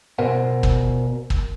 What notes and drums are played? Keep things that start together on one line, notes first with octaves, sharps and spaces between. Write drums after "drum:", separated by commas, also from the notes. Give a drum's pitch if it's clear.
B2 A#4 C5 F#5
drum: kick
drum: kick